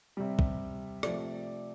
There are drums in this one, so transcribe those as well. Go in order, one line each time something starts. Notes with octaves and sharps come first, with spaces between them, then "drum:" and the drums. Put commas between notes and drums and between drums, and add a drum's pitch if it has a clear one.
C3 G3
drum: kick
C3 F3 A3 D5, drum: rim click